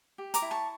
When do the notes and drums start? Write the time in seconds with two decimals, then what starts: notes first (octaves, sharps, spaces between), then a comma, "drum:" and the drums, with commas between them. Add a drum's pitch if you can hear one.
0.18 G4
0.34 A#5 D6, drum: hi-hat
0.42 E4
0.51 A5 C#6